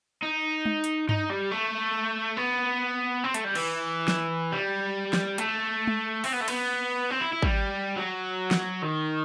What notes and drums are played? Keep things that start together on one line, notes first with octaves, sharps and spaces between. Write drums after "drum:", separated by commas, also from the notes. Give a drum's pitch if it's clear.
D#4
drum: tom G#3
drum: hi-hat
D#4, drum: tom G2
G3
A3
B3
C4
A3, drum: hi-hat
G3
E3, drum: cymbal
drum: snare
G3
drum: snare
A3, drum: hi-hat
drum: tom G#3
C4, drum: open hi-hat
B3
A3
B3, drum: cymbal
C4
E4
E4
G3, drum: kick
F#3
drum: snare
D#3